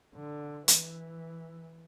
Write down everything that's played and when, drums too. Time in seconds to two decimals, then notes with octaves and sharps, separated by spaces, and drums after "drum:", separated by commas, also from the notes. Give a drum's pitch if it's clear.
0.15 D3
0.68 E3, drum: hi-hat